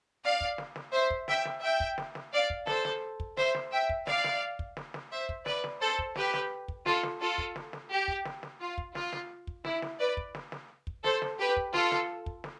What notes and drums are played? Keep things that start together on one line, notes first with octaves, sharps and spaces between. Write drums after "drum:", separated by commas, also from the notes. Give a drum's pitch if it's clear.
D5 F5
drum: kick
drum: snare
drum: snare
C5 E5
drum: kick
E5 G5, drum: snare
drum: snare
E5 G5
drum: kick
drum: snare
drum: snare
D5 F5
drum: kick
A4 C5, drum: snare
drum: snare
drum: kick
C5 E5, drum: snare
drum: snare
E5 G5
drum: kick
D5 F5, drum: snare
drum: snare
drum: kick
drum: snare
drum: snare
C5 E5
drum: kick
B4 D5, drum: snare
drum: snare
A4 C5
drum: kick
G4 B4, drum: snare
drum: snare
drum: kick
F4 A4, drum: snare
drum: snare
F4 A4
drum: kick
drum: snare
drum: snare
G4
drum: kick
drum: snare
drum: snare
F4
drum: kick
F4, drum: snare
drum: snare
drum: kick
E4, drum: snare
drum: snare
B4 D5
drum: kick
drum: snare
drum: snare
drum: kick
A4 C5, drum: snare
drum: snare
G4 B4
drum: kick
F4 A4, drum: snare
drum: snare
drum: kick
drum: snare